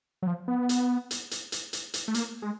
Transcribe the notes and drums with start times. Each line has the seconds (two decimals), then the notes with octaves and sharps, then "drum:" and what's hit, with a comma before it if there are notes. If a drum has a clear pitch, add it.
0.22 F#3
0.27 F3
0.48 B3
0.69 drum: hi-hat
1.11 drum: hi-hat
1.31 drum: hi-hat
1.52 drum: hi-hat
1.73 drum: hi-hat
1.94 drum: hi-hat
2.08 A3
2.14 A#3, drum: hi-hat
2.42 G#3